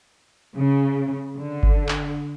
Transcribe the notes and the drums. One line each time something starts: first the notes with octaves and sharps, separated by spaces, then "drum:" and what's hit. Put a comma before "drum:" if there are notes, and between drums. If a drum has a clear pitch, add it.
C#3
D3
drum: kick G1
drum: clap